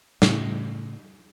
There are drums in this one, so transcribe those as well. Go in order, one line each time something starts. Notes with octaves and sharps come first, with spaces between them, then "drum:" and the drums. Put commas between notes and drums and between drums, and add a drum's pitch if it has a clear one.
A2 C#3, drum: snare